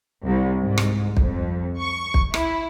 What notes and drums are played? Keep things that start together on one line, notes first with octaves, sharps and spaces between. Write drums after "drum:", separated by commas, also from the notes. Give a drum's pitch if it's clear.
C2
G#2
drum: rim click
F2, drum: kick
C#6
drum: kick
E4, drum: rim click